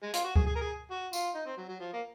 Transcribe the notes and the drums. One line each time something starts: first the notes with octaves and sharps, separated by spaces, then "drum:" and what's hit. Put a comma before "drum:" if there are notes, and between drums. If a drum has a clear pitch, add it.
G#3
F4, drum: hi-hat
F#4
G#4, drum: kick D2
G#4
A#4
G#4
F#4
F4, drum: tambourine
D#4
C4
F#3
F#3
F3
A#3